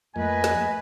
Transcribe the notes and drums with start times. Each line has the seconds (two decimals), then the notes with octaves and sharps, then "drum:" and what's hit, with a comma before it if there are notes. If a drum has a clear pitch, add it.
0.16 F2 A3 A#3 B4 D#5 G#5
0.44 drum: snare